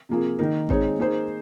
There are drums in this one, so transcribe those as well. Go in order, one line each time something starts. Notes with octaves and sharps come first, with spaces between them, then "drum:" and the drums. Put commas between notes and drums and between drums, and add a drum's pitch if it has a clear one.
C3 F3 A#3 F4 G#4
D#3 A#3 D#4 A#4
G#3 C4 D#4 G#4 C#5, drum: kick A1
A#3 D#4 G#4 C5